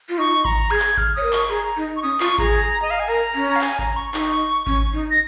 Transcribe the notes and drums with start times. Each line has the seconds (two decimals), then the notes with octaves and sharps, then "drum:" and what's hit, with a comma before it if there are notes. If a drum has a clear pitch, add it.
0.09 F4
0.18 D#4 C#6
0.45 A#5, drum: kick G#1
0.71 G#4 G#6
0.80 drum: clap
0.97 F6, drum: kick G#1
1.15 C#5 D#6
1.23 A#4
1.33 C#6, drum: clap
1.50 G#4 A#5
1.77 D#4
1.96 C#6
2.03 C#4 D#6
2.20 F4 C#6, drum: clap
2.38 G#4 A#5, drum: kick G#1
2.82 D#5
2.90 F5
3.00 G#5
3.08 A#4 A#5
3.35 C#4
3.56 F5
3.61 G#5, drum: clap
3.79 A#5, drum: kick G#1
3.96 C#6
4.14 D#4, drum: clap
4.67 C#4, drum: kick G#1
4.93 D#4
5.11 A#6